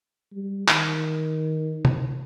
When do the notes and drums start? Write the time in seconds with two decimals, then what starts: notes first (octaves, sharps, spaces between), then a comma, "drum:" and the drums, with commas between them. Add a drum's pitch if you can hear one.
0.33 G3
0.68 D#3, drum: clap
1.85 drum: tom C3